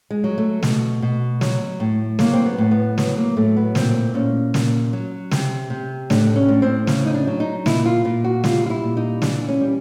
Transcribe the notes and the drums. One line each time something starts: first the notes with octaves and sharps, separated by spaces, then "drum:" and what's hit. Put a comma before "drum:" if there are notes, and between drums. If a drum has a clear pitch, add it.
G#3
F#3
A3
B2, drum: snare
B2
F#3, drum: snare
A2
F#3 A#3, drum: snare
C4
B3
A2
B3
F#3 B3, drum: snare
A#3
A2 A3
B3
A#2 C4, drum: snare
A#2 C#4
A#2, drum: snare
F#3
C3, drum: snare
C3
A2 D4, drum: snare
C#4
A2
C4
C#3 C#4, drum: snare
D#4
D4
F#3
D#4
A#2 E4, drum: snare
F4
A#2 F4
F#4
G3 F4, drum: snare
F4
E4
A#2
D#4
E3 D4, drum: snare
C#4
G3